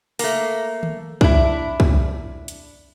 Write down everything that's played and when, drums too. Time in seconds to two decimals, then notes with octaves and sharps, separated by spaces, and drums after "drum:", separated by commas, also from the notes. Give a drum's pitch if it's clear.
0.19 A3 A#3, drum: open hi-hat
0.83 drum: tom D#3
1.21 D4 E4, drum: kick
1.80 drum: kick
2.48 drum: hi-hat